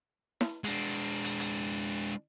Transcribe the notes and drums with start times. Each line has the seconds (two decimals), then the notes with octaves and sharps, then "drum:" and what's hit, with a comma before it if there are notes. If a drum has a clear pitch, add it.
0.41 drum: snare E4
0.64 G#3 D4, drum: hi-hat
1.24 drum: hi-hat
1.40 drum: hi-hat